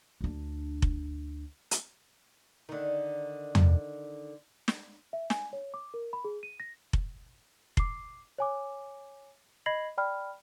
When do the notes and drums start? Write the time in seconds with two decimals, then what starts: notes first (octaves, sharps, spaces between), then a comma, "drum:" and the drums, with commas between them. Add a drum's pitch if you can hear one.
0.21 D2 D4
0.82 drum: kick F1
1.71 drum: hi-hat
2.69 D3 D#3
3.55 drum: tom E2
4.68 drum: snare
5.13 E5
5.30 G#5, drum: snare
5.53 C#5
5.74 D6
5.94 A#4
6.13 B5
6.24 G#4
6.43 D#7
6.60 A#6
6.93 drum: kick F1
7.77 D6 C7, drum: kick F1
8.38 C#5 G#5 D6
9.66 D#5 B5 G#6 A#6 C7 F#7
9.98 D5 G5 B5 F6